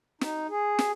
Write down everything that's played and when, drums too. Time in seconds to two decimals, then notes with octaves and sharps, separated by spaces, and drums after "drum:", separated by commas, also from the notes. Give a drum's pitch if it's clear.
0.21 D#4, drum: snare
0.49 G#4
0.79 drum: snare